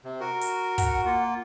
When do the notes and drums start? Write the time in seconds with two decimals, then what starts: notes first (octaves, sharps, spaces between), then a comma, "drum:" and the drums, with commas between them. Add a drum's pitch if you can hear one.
0.05 C3
0.21 F#4 A#4
0.41 drum: hi-hat
0.78 F#5, drum: kick, hi-hat
1.05 A#3 F4